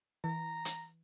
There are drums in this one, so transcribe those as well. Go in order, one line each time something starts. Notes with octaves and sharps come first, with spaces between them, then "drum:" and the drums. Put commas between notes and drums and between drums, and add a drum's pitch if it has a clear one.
E3 A#5
drum: hi-hat